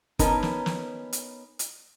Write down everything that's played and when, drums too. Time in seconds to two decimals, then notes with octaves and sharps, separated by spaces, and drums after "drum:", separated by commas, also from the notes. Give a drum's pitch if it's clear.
0.19 B3 C#4 D#4 A#4 A5, drum: kick, hi-hat
0.43 drum: snare
0.66 drum: snare
1.13 drum: hi-hat
1.59 drum: hi-hat